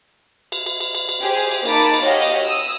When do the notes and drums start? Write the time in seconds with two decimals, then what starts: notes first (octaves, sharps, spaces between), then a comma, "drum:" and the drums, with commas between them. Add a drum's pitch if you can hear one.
0.52 drum: cymbal
0.66 drum: cymbal
0.80 drum: cymbal
0.95 drum: cymbal
1.09 drum: cymbal
1.23 G4 G#4 C5, drum: cymbal
1.37 drum: cymbal
1.51 drum: cymbal
1.65 A#3 D#4 A5 B5 D6, drum: cymbal
1.79 drum: cymbal
1.94 drum: cymbal
2.03 F#4 G4 C#5 D#5 F5
2.22 drum: cymbal
2.44 D#6 E6